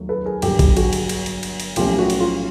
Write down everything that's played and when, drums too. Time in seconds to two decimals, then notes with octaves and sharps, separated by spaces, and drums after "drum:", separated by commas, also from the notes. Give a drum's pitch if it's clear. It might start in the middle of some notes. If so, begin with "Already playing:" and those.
Already playing: D#2 F#3 A3
0.09 A4 B4
0.26 G#4 A#4
0.42 G1 G2 D3 F#3 A#3 G4 A4, drum: cymbal
0.59 drum: kick, cymbal
0.77 F#4 G#4, drum: cymbal
0.93 drum: cymbal
1.09 drum: cymbal
1.26 drum: cymbal
1.43 drum: cymbal
1.60 drum: cymbal
1.76 B1 A2 F3 A#3 C#4 F4 G4, drum: cymbal
1.98 F#4
2.10 drum: cymbal
2.20 F4